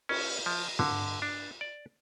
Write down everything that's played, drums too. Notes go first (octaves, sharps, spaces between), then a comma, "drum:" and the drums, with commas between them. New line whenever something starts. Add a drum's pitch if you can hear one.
C#4, drum: cymbal
F3
D3, drum: tom
D4
D5